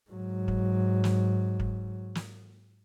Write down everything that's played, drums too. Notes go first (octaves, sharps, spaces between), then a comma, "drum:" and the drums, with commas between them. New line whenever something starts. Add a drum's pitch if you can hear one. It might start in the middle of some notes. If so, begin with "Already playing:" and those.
G#2 F#3
drum: kick
drum: snare
drum: kick
drum: snare